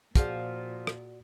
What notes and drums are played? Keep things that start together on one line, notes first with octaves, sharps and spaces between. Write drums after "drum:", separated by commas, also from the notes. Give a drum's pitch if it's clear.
A#2 F3 F#4 G#4 D5 F5, drum: kick, hi-hat
drum: rim click